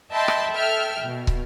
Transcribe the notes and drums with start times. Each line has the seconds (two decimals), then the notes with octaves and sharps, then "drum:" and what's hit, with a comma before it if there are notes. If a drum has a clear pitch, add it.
0.12 D#5 E5 G5 A5 B5 C6
0.28 drum: rim click
0.52 A4 E5 G5 F6
1.02 B2
1.27 drum: kick